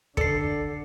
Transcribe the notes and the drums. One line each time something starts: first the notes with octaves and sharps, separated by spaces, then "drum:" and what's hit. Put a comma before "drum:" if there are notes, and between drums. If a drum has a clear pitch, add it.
D3 A4 D5 C7 C#7, drum: kick